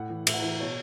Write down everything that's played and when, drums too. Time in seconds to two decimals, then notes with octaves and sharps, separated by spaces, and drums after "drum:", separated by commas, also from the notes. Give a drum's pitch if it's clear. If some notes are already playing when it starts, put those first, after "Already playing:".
Already playing: A2 F#5
0.10 E3
0.27 A2 E5, drum: cymbal
0.34 F#5
0.41 E3 E5
0.61 B2 C#5